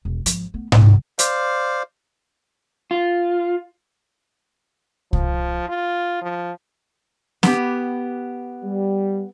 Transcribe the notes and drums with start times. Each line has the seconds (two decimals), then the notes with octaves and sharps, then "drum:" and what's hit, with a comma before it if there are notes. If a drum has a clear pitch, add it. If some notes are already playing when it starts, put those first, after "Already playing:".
0.05 E1
0.26 G#1 F3, drum: hi-hat
0.54 A3 B3
0.72 C2 C3, drum: tom G#2
1.19 C5 D5 F5, drum: hi-hat
2.91 F4
5.13 F3, drum: kick C2
5.69 F4
6.22 F3
7.43 B3 G4, drum: snare
8.64 G3